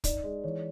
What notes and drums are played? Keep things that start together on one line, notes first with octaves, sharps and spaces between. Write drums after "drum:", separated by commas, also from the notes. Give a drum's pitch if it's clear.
D#4 D5, drum: kick, hi-hat
G#3
E3 C#5